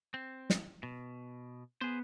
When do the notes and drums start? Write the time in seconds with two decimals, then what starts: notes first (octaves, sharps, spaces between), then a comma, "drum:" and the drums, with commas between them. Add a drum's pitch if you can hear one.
0.14 C4
0.50 drum: snare
0.83 B2
1.81 B3 G#4 C5